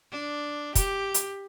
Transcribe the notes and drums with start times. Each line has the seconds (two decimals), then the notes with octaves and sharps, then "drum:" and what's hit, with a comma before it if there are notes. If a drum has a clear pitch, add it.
0.11 D4
0.75 G4, drum: kick, hi-hat
1.14 drum: hi-hat